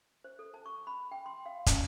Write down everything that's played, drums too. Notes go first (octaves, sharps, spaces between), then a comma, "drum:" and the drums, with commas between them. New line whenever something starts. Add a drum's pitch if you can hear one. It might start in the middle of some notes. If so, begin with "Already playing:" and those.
C5
A4
A5
C#6
B5
G5
C6
F5
C#4, drum: kick, hi-hat